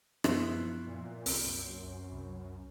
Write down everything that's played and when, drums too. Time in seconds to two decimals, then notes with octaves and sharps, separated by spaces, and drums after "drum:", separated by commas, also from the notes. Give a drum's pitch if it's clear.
0.24 F#2 B2 F3 E4 C5 F#6, drum: rim click
0.87 A#2
1.26 C2 C4, drum: open hi-hat
1.46 F#2
2.12 C2